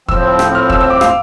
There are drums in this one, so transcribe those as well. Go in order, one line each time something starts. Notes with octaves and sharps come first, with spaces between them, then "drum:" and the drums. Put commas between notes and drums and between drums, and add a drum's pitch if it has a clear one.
A2 F3 C4 E6, drum: kick
drum: rim click
F6
E6, drum: kick
E6
D6
F5, drum: rim click